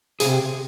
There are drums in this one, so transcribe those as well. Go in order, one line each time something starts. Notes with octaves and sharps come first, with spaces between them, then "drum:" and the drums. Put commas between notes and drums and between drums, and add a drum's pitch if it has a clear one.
C3 G#4, drum: open hi-hat